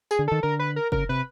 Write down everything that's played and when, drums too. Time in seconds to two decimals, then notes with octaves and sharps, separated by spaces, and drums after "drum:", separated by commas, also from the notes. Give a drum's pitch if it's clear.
0.11 G#4, drum: tambourine
0.19 D3
0.28 D#3 A4
0.43 D3 A#4
0.59 B4
0.76 A#4
0.92 C#3 A#4, drum: kick
1.09 C3 B4